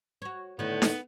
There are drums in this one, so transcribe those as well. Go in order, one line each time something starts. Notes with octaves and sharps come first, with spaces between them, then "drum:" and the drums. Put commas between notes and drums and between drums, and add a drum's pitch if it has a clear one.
F#4 C#5
A2 D3 D#3 B3
drum: snare D#4